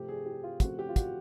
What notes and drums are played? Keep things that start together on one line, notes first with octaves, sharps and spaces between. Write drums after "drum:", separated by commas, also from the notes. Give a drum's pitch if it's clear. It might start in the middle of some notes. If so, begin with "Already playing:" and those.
Already playing: C3 F3 A3 C4 G4
G#4
G4
F4
C#3 F3 A3 C4 F#4, drum: kick, hi-hat
G4
F4
F#4, drum: kick, hi-hat